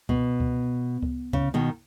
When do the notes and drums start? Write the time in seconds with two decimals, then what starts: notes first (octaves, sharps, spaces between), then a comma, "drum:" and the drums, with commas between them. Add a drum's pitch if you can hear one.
0.09 B2, drum: kick C#2
0.40 drum: kick C#2
1.03 drum: kick C#2
1.33 C#3, drum: kick C#2
1.54 B2 D#3